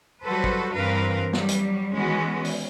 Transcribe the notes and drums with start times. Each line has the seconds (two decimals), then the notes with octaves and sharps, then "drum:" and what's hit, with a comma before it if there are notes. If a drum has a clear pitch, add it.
0.24 F#3 G3 F#4 A4 B4 C5
0.44 drum: kick
0.74 G2 E3 C4 A#4 B4 F5
1.33 F#3 G3, drum: snare
1.48 drum: hi-hat
1.94 D#3 E3 G#3 B3 C#4 F#4
2.45 drum: open hi-hat